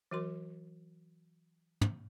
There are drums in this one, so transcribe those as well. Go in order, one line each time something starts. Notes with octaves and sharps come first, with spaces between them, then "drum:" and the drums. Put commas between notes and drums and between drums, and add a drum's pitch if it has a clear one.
E3 F#3 F#4 A#4 C6
drum: tom